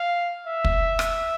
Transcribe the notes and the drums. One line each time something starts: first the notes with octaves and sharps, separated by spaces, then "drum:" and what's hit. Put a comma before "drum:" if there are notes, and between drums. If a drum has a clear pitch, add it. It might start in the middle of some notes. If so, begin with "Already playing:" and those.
Already playing: F5
E5
drum: kick
drum: rim click